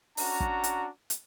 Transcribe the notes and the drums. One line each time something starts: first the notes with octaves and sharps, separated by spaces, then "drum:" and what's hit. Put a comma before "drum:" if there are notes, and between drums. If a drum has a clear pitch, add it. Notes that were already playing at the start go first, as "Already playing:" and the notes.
C#4 D4 F#4 A#5, drum: open hi-hat
drum: kick
drum: hi-hat
drum: hi-hat